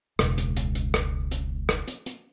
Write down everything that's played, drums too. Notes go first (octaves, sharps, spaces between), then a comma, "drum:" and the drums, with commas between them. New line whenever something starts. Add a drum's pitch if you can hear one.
E1 C#2, drum: rim click
drum: hi-hat
drum: hi-hat
drum: hi-hat
drum: rim click
drum: hi-hat
drum: rim click
drum: hi-hat
drum: hi-hat